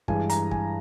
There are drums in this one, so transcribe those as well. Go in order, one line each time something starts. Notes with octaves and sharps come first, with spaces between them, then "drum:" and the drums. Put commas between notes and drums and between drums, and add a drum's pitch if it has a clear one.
G2 E3 G#3 G#5, drum: kick
A#5, drum: hi-hat
G#5, drum: kick